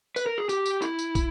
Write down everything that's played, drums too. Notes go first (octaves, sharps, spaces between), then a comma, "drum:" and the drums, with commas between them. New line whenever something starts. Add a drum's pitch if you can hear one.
B4, drum: tambourine
A#4
G#4
G4, drum: tambourine
drum: tambourine
E4, drum: tambourine
drum: tambourine
drum: kick, tambourine